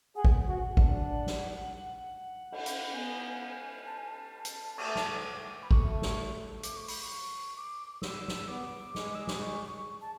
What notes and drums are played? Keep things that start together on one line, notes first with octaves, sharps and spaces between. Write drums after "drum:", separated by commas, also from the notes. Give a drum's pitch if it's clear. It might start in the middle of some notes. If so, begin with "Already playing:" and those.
G#4 F#5
G#5, drum: kick
F#5
F#4
D4, drum: kick
drum: snare
drum: cymbal
drum: hi-hat
B3 G#5
A5
G#5
A5
drum: hi-hat
A3 D6, drum: cymbal
drum: snare
B5
A3 C#6, drum: kick
drum: snare
D6, drum: hi-hat
C#6
B5, drum: open hi-hat
C#6
D6
E6, drum: snare
drum: snare
B3 D6
G#3, drum: snare
E6
D6, drum: snare
C#6
C#6
A5